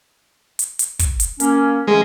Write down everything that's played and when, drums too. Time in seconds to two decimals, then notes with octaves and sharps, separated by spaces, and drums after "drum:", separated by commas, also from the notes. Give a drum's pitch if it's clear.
0.59 drum: hi-hat
0.79 drum: hi-hat
0.99 drum: kick, hi-hat
1.20 drum: hi-hat
1.40 A#3 C#4, drum: hi-hat
1.87 E3 G#3 C#4